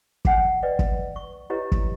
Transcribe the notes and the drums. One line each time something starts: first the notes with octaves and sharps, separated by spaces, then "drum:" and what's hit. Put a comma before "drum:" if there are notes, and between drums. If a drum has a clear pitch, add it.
G#4 F#5 G#5, drum: kick
B4 D5 D#5 G5
drum: kick
C#6
E4 G4 B4 C#5 D#5 A#5
A#5, drum: kick